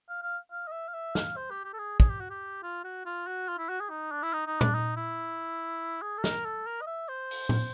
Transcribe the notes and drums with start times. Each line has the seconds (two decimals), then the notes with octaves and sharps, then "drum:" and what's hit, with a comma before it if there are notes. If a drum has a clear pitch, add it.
0.09 F5
0.23 F5
0.52 F5
0.67 D#5
0.72 E5
0.88 F5
0.94 E5
1.15 F5, drum: snare
1.37 C5
1.51 G4
1.65 G4
1.73 A4
1.78 G#4
2.00 G#4, drum: kick
2.10 G4
2.20 F#4
2.30 G4
2.63 F4
2.84 F#4
3.06 F4
3.27 F#4
3.49 F4
3.59 E4
3.69 F#4
3.80 G#4
3.90 D#4
4.12 D4
4.23 E4
4.34 D#4
4.47 D#4
4.61 D4, drum: tom A#2
4.75 D#4
4.97 E4
6.02 G#4
6.18 A4
6.24 A#4, drum: snare
6.45 A4
6.67 A#4
6.82 D#5
6.87 E5
7.09 C5
7.31 drum: open hi-hat
7.49 drum: tom A2